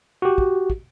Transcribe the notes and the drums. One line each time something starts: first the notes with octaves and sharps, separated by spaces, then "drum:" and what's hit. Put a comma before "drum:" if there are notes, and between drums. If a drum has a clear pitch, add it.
F#4 G4
drum: kick
drum: kick